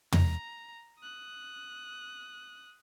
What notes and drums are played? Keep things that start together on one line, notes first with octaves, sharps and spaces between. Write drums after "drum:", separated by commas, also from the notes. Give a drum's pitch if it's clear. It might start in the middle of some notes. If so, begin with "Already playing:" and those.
A#5, drum: tom
D#6 F#6